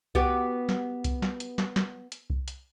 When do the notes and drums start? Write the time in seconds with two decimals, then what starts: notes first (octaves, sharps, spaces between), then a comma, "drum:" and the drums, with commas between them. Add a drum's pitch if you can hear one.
0.15 B3 F#4 G4, drum: kick C2
0.69 drum: snare
1.04 drum: kick C2, hi-hat
1.22 drum: snare
1.40 drum: hi-hat
1.58 drum: snare
1.76 drum: snare
2.12 drum: hi-hat
2.30 drum: kick C2
2.48 drum: hi-hat